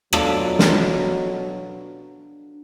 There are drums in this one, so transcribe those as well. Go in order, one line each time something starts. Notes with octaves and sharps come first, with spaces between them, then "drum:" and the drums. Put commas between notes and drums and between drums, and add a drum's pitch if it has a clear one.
B2 F#3 D4 F4 A4, drum: rim click
drum: snare